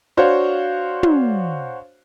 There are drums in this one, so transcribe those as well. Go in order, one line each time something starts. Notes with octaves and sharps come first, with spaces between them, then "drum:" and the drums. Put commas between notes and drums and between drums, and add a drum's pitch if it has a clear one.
D4 F#4 C5 C#5 F5
drum: tom